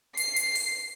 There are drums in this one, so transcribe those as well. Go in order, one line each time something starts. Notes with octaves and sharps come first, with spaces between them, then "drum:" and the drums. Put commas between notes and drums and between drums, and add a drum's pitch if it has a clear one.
C7, drum: hi-hat
drum: hi-hat
drum: open hi-hat